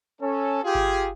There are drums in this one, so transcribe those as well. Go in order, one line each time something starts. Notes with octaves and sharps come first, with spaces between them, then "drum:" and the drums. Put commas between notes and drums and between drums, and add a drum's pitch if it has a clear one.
C#4 A4
F4 G4 G#4
drum: kick G1